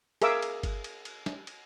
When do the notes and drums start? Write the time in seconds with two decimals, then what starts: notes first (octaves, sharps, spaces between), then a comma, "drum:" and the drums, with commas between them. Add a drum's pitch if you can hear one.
0.22 G#4 A#4 E5 F5 D6 E6, drum: cymbal
0.42 drum: cymbal
0.63 drum: kick G1, cymbal
0.84 drum: cymbal
1.05 drum: cymbal
1.26 drum: snare
1.47 drum: cymbal